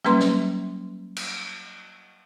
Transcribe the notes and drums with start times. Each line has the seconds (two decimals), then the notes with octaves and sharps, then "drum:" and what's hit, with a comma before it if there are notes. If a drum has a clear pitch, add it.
0.04 F#3 G3 A#3 C#4 B4 C6, drum: rim click
0.20 drum: snare
1.17 drum: cymbal